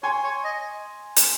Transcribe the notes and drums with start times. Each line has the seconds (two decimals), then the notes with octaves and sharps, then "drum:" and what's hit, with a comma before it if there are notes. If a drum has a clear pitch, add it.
0.03 C#5 G#5 C6
0.24 C#5
0.44 D#5
1.16 drum: hi-hat